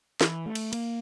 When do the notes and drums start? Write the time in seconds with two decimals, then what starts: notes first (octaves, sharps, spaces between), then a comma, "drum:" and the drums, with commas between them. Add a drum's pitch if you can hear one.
0.21 E3, drum: snare
0.46 A3
0.55 drum: cymbal
0.73 A#3, drum: cymbal